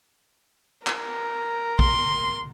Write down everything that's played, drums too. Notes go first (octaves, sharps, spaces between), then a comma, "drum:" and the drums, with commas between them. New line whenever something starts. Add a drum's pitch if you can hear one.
A#4, drum: clap
C6, drum: kick A#1